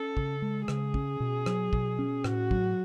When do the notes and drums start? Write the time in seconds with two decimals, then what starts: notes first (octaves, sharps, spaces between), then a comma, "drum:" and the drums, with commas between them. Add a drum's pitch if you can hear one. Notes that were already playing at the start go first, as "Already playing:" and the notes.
Already playing: C#4 A4
0.17 C#3, drum: kick
0.42 G#3
0.68 C#3 G#4, drum: rim click
0.94 C#4, drum: kick
1.20 B2
1.46 F#3, drum: rim click
1.73 B2, drum: kick
1.99 C#4
2.24 A2 F#4, drum: rim click
2.51 F#3, drum: kick